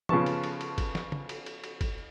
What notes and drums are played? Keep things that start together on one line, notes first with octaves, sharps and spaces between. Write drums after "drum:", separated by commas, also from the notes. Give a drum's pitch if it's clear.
C#3 F3 B3 A5 C#6, drum: tom
drum: cymbal
drum: cymbal
drum: cymbal
drum: kick, cymbal
drum: snare
drum: tom
drum: cymbal
drum: cymbal
drum: cymbal
drum: kick, cymbal